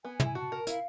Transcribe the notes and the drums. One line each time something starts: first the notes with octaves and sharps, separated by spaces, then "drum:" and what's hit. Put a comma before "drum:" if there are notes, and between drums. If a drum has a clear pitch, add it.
B3 G#5
E4 G#5, drum: tom
F#4 A5
A#4
E4 F5, drum: hi-hat